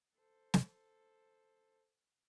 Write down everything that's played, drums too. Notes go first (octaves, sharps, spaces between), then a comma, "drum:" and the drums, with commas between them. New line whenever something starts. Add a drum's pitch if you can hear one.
A4 C5
drum: snare